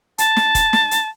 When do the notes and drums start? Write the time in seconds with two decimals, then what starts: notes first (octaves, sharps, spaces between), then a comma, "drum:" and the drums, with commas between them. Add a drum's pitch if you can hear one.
0.18 A5, drum: hi-hat
0.37 drum: snare
0.55 drum: kick F1, hi-hat
0.73 drum: snare
0.91 drum: hi-hat